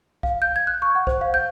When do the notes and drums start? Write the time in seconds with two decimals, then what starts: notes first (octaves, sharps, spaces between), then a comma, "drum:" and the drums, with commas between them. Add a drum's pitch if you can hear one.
0.23 F5, drum: kick C2
0.42 G6
0.56 G#6
0.67 F#6
0.82 C#6
0.95 F#5
1.07 C5, drum: kick C2
1.21 F5
1.34 G6